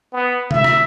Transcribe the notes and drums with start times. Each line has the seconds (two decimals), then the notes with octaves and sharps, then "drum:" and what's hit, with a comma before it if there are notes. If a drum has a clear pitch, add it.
0.13 B3
0.51 E5, drum: tom C3
0.64 drum: rim click